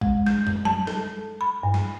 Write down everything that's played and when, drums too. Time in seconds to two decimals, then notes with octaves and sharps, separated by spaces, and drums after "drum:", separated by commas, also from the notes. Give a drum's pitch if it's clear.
0.01 G#3, drum: kick
0.26 G6, drum: snare
0.47 drum: tom
0.65 A5, drum: tom F#3
0.87 A4, drum: snare
1.41 B5
1.63 G2
1.74 drum: snare